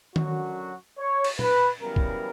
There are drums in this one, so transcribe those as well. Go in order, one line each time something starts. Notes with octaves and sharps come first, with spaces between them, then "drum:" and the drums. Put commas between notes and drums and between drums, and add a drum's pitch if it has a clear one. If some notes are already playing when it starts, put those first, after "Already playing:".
F#2 D3 F#3 F#4, drum: tom D#3
C#5
drum: cymbal
B4, drum: tom
F#2 C#3 E3 G3 B3 A#4
drum: kick